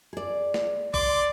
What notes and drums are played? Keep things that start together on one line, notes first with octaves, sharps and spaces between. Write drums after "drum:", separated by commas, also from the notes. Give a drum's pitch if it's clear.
G#4 D5
drum: snare
D5 C6 D6, drum: kick